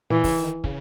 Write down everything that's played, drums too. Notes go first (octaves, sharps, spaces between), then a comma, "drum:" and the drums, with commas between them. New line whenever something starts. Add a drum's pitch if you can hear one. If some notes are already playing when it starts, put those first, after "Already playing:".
A#2 E3
C#3, drum: kick, open hi-hat
D#3
C#3, drum: kick